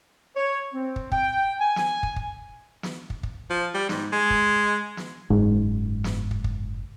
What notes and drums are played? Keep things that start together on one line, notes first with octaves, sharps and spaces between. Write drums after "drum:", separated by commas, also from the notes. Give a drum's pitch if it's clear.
C#5
C4
drum: kick
G5, drum: kick
G#5
drum: snare
drum: kick
drum: kick
drum: snare
drum: kick
drum: kick
F3
G3
G#2, drum: snare
G#3
drum: kick
drum: snare
F#1 G#2
drum: snare
drum: kick
drum: kick